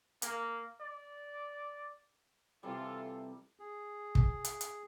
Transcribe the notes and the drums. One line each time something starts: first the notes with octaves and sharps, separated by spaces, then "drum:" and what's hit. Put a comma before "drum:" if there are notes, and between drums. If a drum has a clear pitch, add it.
A#3, drum: hi-hat
D5
C3 E3 G3 F4 A4
G#4
drum: kick
drum: hi-hat
drum: hi-hat